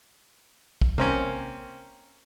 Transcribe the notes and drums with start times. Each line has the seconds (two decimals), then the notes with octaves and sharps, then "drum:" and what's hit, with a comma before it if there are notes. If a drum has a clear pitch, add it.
0.81 drum: kick
0.98 A#3 C4 C#4, drum: tom C3